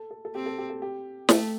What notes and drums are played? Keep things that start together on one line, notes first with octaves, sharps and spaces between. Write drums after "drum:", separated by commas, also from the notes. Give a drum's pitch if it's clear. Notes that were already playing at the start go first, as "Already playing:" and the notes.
Already playing: A4
A4
A4
C4 G4
A4
G4
A4
G4
A3 A4, drum: snare